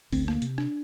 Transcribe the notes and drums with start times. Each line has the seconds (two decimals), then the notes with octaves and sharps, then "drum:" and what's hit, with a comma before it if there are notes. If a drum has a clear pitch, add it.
0.12 D2 C4, drum: kick G1, open hi-hat
0.28 A#3, drum: rim click
0.42 C3, drum: hi-hat
0.58 D4, drum: rim click